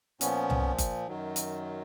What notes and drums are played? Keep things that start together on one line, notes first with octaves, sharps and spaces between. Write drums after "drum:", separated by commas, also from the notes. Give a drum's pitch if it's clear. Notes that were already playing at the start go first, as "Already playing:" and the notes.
A#2 F3 B3 C#4, drum: hi-hat
drum: tom C2
drum: kick F#1, hi-hat
F#2 D#3 F#3
drum: hi-hat